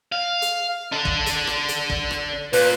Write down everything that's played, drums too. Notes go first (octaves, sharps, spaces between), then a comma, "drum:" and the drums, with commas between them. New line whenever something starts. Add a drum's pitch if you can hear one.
F5
drum: hi-hat
D4 A4
drum: kick
drum: hi-hat
drum: rim click
drum: hi-hat
drum: kick
drum: rim click
A#2 B4, drum: open hi-hat